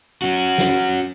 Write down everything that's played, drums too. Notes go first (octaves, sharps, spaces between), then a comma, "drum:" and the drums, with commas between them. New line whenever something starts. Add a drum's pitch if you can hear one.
C#4 F#4
drum: snare